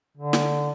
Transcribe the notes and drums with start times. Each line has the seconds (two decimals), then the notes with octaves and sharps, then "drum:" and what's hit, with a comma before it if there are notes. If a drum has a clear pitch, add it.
0.18 D3
0.33 drum: snare